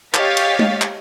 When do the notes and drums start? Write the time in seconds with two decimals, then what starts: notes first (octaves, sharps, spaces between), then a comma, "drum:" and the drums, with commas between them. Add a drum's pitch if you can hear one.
0.14 G4 C#5 D#5 F5 A6 B6, drum: clap
0.37 drum: cymbal
0.59 drum: tom G#3
0.82 drum: clap